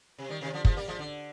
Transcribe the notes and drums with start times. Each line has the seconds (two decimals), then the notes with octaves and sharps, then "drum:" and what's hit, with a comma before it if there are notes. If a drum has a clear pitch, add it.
0.18 C3
0.29 D#3 G3
0.41 C3 D#3
0.53 D3 F3
0.65 F3 G#3, drum: kick
0.76 G3 A#3
0.88 F3 G#3
0.99 D3